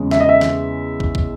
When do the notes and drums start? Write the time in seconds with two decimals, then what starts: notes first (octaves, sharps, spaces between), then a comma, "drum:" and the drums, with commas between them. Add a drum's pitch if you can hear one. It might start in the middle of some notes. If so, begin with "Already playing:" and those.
Already playing: E2 C#3 G#3
0.11 E5, drum: snare
0.20 D#5
0.29 E5
0.41 drum: snare
1.00 drum: kick
1.15 drum: kick